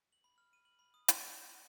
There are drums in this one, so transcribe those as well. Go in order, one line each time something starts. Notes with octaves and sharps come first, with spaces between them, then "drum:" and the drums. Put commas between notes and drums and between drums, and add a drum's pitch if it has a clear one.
F#7
B5
F6
D#7
F#7
B5
D#6
D#6, drum: hi-hat
G#5
A#6
D#7